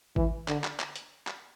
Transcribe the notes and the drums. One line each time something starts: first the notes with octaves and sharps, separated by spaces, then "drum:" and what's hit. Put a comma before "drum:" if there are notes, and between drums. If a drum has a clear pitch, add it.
E3, drum: kick G#1
D3, drum: clap
drum: clap
drum: clap
drum: hi-hat
drum: clap